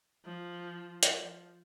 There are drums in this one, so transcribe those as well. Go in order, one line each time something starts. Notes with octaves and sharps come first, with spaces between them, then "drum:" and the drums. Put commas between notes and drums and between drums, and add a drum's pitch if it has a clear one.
F3
drum: hi-hat
F3